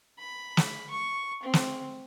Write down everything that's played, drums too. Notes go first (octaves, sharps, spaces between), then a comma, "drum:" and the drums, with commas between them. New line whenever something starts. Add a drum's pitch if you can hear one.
B5
drum: snare
C#6
C4
drum: snare